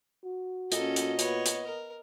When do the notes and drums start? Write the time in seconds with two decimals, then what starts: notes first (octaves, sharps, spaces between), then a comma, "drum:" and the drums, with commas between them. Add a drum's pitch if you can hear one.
0.24 F#4
0.72 A#2 C#4 A4 D#5, drum: hi-hat
0.96 drum: hi-hat
1.19 B3 C#5, drum: hi-hat
1.46 drum: hi-hat
1.66 A#4